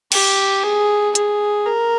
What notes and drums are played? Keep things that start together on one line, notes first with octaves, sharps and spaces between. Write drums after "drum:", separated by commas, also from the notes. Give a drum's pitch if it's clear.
G4, drum: cymbal
G#4
G#4, drum: hi-hat
A#4